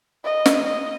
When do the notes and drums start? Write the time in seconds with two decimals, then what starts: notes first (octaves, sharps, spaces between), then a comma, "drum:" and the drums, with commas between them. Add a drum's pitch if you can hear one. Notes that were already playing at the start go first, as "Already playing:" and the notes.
0.25 D#5
0.46 drum: snare
0.67 D#5